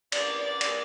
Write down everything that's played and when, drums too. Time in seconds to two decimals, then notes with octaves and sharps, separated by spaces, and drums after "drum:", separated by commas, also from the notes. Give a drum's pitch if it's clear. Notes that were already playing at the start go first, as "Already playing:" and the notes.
0.12 D5, drum: cymbal
0.41 D5
0.61 drum: cymbal